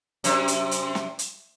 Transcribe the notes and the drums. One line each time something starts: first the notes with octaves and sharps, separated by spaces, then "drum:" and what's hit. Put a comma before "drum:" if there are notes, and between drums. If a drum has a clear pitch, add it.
F#2 C3, drum: hi-hat
drum: hi-hat
drum: hi-hat
drum: snare
drum: hi-hat